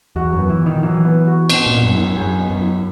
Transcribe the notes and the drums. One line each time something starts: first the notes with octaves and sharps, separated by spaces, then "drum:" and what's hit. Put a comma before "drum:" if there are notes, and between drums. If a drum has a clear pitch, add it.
E2 F#4
F#2
B3
E3
A#2
D#3
E3 F#3
B3
F#4
B2, drum: cymbal
A#2
B2
F#2
E4
F#2
F#2 G#4
B2
F#2
E4